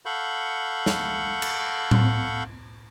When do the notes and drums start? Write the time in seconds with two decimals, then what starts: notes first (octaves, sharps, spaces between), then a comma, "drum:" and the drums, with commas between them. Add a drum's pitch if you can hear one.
0.06 A4 F5 F#5 B5 C#6 G6
0.86 drum: snare
1.42 drum: cymbal
1.91 drum: tom A2